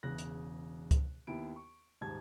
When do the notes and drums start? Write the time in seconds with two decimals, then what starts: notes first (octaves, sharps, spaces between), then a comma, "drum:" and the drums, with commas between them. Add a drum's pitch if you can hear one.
0.03 E1 E2 C#3 F#6 A#6
0.18 drum: hi-hat
0.91 drum: kick C#2, hi-hat
1.27 D#2 B3 E4 D7
1.56 C#6
2.01 D#1 G#2 A5 G#6